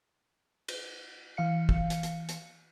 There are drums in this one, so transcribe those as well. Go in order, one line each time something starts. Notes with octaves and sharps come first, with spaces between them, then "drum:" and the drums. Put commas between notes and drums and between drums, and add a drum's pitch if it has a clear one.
drum: cymbal
E3 F5 C#7
drum: kick
drum: hi-hat
drum: hi-hat
drum: hi-hat